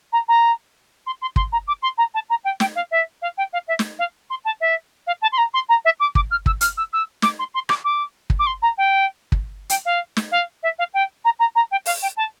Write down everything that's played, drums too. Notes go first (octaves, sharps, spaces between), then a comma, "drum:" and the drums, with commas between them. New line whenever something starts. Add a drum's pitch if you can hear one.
A#5
A#5
C6
C6
C6, drum: kick
A#5
D6
C6
A#5
A5
A#5
G5
G5, drum: snare
F5
E5
F5
G5
F5
E5
drum: snare
F5
C6
A5
E5
F5
A5
C6
A#5
C6
A#5
E5
D6
D6, drum: kick
F6
E6, drum: kick
F6, drum: hi-hat
E6
E6
D6, drum: snare
C6
C6
D6, drum: rim click
D6
drum: kick
D6
C6
A#5
G5
drum: kick
G5, drum: hi-hat
F5
drum: snare
F5
E5
F5
G5
A#5
A#5
A#5
G5
F5, drum: open hi-hat
G5
A5